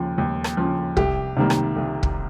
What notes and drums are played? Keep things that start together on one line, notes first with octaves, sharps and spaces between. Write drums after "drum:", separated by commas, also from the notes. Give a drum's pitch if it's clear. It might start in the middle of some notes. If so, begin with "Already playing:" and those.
Already playing: D#2 C#3 F3
D#2
drum: rim click
C#3 F3
C2 G4, drum: kick
C3 D#3 G3 A#3
drum: rim click
C2
drum: kick